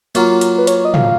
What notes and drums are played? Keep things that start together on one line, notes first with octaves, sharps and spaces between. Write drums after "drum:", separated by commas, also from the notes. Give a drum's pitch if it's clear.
F#3 A#3 F4, drum: hi-hat
drum: hi-hat
B4
C#5, drum: hi-hat
D#5
F5, drum: tom